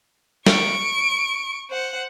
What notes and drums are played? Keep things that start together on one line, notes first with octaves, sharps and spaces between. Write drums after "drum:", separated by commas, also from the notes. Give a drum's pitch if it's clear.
C#6 D7, drum: snare
C5 F#5